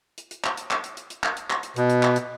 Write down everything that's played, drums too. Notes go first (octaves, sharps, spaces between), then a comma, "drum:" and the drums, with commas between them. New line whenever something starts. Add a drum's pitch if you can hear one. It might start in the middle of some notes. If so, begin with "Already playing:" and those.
drum: hi-hat
drum: hi-hat
drum: clap
drum: hi-hat
drum: clap
drum: hi-hat
drum: hi-hat
drum: hi-hat
drum: clap
drum: hi-hat
drum: clap
drum: hi-hat
B2, drum: hi-hat
drum: hi-hat
drum: clap
drum: hi-hat